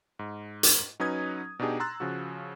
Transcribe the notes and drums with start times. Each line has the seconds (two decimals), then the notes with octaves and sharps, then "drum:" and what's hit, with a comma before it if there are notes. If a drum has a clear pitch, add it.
0.19 G#2
0.63 drum: hi-hat
1.00 F#3 C#4 D#4 B4 D#6 G#6
1.59 B2 D4 D#4 G4 G#4
1.80 A#5 C6 E6 F#6 A6
2.00 C#3 F3 F#4